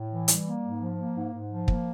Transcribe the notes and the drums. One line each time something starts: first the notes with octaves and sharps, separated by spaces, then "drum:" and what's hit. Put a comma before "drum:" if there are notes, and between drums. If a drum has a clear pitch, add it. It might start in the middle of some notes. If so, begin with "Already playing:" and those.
Already playing: A2
E3
G3, drum: hi-hat
A#3
G#2
F3
A#3
G#2
G#2
F3
A#3, drum: kick